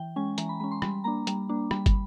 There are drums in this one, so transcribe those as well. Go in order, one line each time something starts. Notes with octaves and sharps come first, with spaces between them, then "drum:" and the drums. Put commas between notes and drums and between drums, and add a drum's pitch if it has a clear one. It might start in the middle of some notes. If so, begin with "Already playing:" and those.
Already playing: E3 G5
G#3 C#4 G#5
E3 A#5, drum: hi-hat
B5
G#3 C#4 B5
C6
G3 B5, drum: rim click
A#3 D4 A#5
G3, drum: hi-hat
A#3 D4
G3 B5, drum: rim click
drum: kick, hi-hat